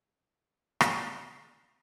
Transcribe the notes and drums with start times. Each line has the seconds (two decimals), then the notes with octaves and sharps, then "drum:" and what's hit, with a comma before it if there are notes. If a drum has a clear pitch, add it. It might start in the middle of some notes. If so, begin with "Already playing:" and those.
Already playing: D3 E3
0.81 drum: rim click
1.32 F3
1.40 D3 E3
1.62 A#2